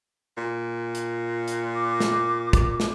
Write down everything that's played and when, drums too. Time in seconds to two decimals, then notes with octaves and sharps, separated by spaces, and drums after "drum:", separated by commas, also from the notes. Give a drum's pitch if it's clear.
0.37 A#2
0.95 drum: hi-hat
1.48 drum: hi-hat
1.74 D6
2.00 drum: snare
2.53 drum: kick, hi-hat
2.80 drum: snare